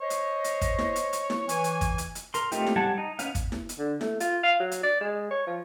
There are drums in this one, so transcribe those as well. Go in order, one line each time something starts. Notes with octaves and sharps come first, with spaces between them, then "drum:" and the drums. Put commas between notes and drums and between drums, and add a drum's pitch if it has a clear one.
C5 C#5 D#5
drum: hi-hat
drum: hi-hat
drum: kick, hi-hat
drum: snare E4
drum: hi-hat
drum: hi-hat
drum: snare E4
E3 G#5, drum: hi-hat
drum: hi-hat
drum: kick, hi-hat
drum: hi-hat
drum: hi-hat
A#4 C6, drum: hi-hat
A3 C4 D#4 F4 G4, drum: hi-hat
drum: snare E4
G3 F#5 G#5 A5
D#4
B3 C#4 D#4 F5, drum: hi-hat
drum: kick, hi-hat
drum: snare E4
drum: hi-hat
D3
A3, drum: snare E4
F4, drum: hi-hat
F5
F#3
drum: hi-hat
D5
G#3
C#5
F3